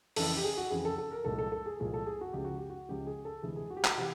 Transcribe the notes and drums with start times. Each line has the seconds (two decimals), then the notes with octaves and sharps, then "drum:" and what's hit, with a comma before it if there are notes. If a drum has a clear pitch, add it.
0.16 F2 C#3 E3 A4, drum: open hi-hat
0.37 G4
0.44 G#4
0.57 F#4
0.70 F2 C#3 E3 G#4
0.85 A4
0.98 A4
1.12 A#4
1.25 C2 A#2 F3 G#3 A4
1.39 A4
1.52 A4
1.66 G#4
1.80 C2 A#2 F3 G#3 G#4
1.94 A4
2.06 G#4
2.21 F#4
2.33 C#2 C#3 F3 G#3 G4
2.44 F#4
2.58 G4
2.70 F#4
2.89 C#2 C#3 F3 G#3 G4
3.07 G#4
3.25 A4
3.42 D2 C3 E3 G#3 G#4
3.56 G#4
3.70 F#4
3.77 G4
3.84 F#4, drum: clap
3.98 C3 E3 G4